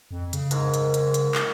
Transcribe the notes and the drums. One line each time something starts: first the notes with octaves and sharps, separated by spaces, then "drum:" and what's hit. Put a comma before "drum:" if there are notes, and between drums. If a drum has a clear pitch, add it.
F2
C#3, drum: hi-hat
G#2 A#4, drum: hi-hat
drum: hi-hat
drum: hi-hat
drum: hi-hat
drum: clap